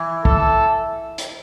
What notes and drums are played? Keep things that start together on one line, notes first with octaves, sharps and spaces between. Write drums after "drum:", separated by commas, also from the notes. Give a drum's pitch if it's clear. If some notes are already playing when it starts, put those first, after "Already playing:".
Already playing: E3
A4, drum: kick
drum: hi-hat